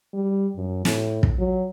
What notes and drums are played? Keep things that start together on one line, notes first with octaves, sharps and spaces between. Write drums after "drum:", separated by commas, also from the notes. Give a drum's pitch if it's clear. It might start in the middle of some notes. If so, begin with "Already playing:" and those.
G3
F#2
A2, drum: snare
drum: kick
F#3